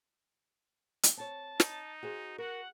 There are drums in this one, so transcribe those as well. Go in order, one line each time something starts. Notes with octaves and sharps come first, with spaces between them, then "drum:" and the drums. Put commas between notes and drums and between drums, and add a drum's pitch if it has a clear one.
drum: hi-hat
C4 C#5 A5
D#4, drum: snare
F#4 G#4 C5
F#4 A#4 F#5